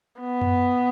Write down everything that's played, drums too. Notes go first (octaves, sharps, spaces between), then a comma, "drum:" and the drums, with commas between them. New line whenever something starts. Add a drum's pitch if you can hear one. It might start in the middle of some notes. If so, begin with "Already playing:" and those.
B3
drum: tom F#2